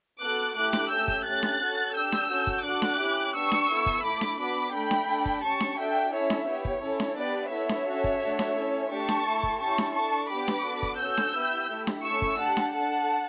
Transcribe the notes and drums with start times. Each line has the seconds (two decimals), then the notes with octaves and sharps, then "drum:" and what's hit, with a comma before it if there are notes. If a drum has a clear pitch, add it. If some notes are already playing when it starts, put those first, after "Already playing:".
0.21 B3 F#4 A4 D6 F#6
0.56 A3 E4 G4 D6 F#6
0.73 drum: snare D4
0.90 A3 C#4 G4 E6 G6
1.08 drum: kick
1.25 A3 C#4 G4 F#6 A6
1.43 drum: snare D4
1.60 C#4 F#4 A4
1.95 D4 G4 E6 G6
2.12 drum: snare D4
2.30 C#4 F#4 A4
2.47 drum: kick
2.64 D4 F#4 A4 D6 F#6
2.82 drum: snare D4
2.99 C#4 E4 G4
3.34 B3 D4 G4 C#6 E6
3.52 drum: snare D4
3.69 B3 E4 A4
3.86 drum: kick
4.03 A3 E4 A4 B5 D6
4.21 drum: snare D4
4.38 B3 D4 F#4 B5 D6
4.73 A3 D4 A4 G5 B5
4.91 drum: snare D4
5.08 D4 A4
5.26 drum: kick
5.43 C#4 G4 A5 C#6
5.60 drum: snare D4
5.78 D4 F#4 A4 E5 G5
6.12 C#4 E4 A4 C#5 E5
6.30 drum: snare D4
6.47 B3 E4 G4 C#5
6.65 drum: kick
6.82 C#4 E4 A4
7.00 drum: snare D4
7.17 B3 D4 G4 B4 D5
7.52 B3 E4 A4 C#5 E5
7.69 drum: snare D4
7.87 C#4 F#4 A4
8.04 drum: kick
8.21 A3 D4 F#4 A4
8.39 drum: snare D4
8.56 C#4 E4 A4
8.91 A3 D4 G4 A5 C#6
9.09 drum: snare D4
9.26 A3 E4 A4
9.43 drum: kick
9.61 C#4 E4 G4 A5 C#6
9.78 drum: snare D4
9.95 D4 A4 A5 C#6
10.30 B3 D4 G4 B5 D6
10.48 drum: snare D4
10.65 B3 D4 F#4 A4
10.83 drum: kick
10.99 C#4 F#4 A4 E6 G6
11.17 drum: snare D4
11.35 B3 E4 G4
11.69 A3 E4 G4
11.87 drum: snare D4
12.04 A3 C#4 E4 A4 C#6 E6
12.22 drum: kick
12.39 D4 G4 F#5 A5
12.57 drum: snare D4
12.74 D4 A4 F#5 A5